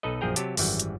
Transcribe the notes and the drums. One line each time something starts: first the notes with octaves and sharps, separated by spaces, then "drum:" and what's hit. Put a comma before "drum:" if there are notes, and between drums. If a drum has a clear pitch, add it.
B1 D#4 A4 B4 D#5
A#1 F#2 F3 G#4 G5 A#5
C3 F#3 G4 A5, drum: hi-hat
G#1 F#2 E3 G3 F#5, drum: open hi-hat
drum: hi-hat